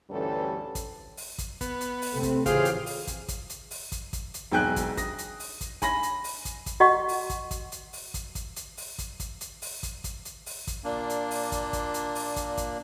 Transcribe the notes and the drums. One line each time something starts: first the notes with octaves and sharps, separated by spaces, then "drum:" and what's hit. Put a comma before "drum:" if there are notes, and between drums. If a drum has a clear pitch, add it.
D2 G2 E3 G3 C#4 A4
drum: kick, hi-hat
drum: open hi-hat
drum: kick, hi-hat
B3, drum: kick, hi-hat
drum: hi-hat
drum: open hi-hat
C3 A3 C4 A4
drum: kick, hi-hat
A2 C#3 E3 F4 G4 G#4 C5 F5, drum: kick, hi-hat
drum: hi-hat
drum: open hi-hat
drum: kick, hi-hat
drum: kick, hi-hat
drum: hi-hat
drum: open hi-hat
drum: kick, hi-hat
drum: kick, hi-hat
drum: hi-hat
E1 B1 G5 G#5 F#6
drum: kick, hi-hat
D#6 A#6, drum: kick, hi-hat
drum: hi-hat
drum: open hi-hat
drum: kick, hi-hat
G#5 B5 A#6, drum: kick, hi-hat
drum: hi-hat
drum: open hi-hat
drum: kick, hi-hat
drum: kick, hi-hat
F#4 D#5 F#5 C#6
drum: open hi-hat
drum: kick, hi-hat
drum: kick, hi-hat
drum: hi-hat
drum: open hi-hat
drum: kick, hi-hat
drum: kick, hi-hat
drum: hi-hat
drum: open hi-hat
drum: kick, hi-hat
drum: kick, hi-hat
drum: hi-hat
drum: open hi-hat
drum: kick, hi-hat
drum: kick, hi-hat
drum: hi-hat
drum: open hi-hat
drum: kick, hi-hat
A#2 A#3 D4
drum: hi-hat
drum: open hi-hat
drum: kick, hi-hat
drum: kick, hi-hat
drum: hi-hat
drum: open hi-hat
drum: kick, hi-hat
drum: kick, hi-hat